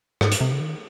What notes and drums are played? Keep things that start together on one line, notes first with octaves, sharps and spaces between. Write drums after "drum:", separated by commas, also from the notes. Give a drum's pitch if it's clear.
G#2, drum: rim click
drum: hi-hat
C3
C#3
D#3